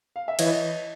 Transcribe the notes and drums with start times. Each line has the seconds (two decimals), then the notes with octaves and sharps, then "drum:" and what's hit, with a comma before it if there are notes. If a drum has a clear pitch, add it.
0.16 F5
0.28 E5
0.39 E3 C#5 D#5, drum: cymbal